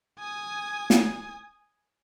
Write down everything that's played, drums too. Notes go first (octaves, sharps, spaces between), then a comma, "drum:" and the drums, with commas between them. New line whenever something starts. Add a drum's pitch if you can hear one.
G#5 D#6
drum: snare